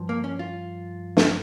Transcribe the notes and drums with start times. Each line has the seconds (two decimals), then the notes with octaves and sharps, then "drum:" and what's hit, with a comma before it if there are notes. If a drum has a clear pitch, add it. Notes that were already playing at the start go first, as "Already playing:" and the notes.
Already playing: G2 F3
0.09 A#3
0.24 C#4
0.39 F4
1.17 drum: snare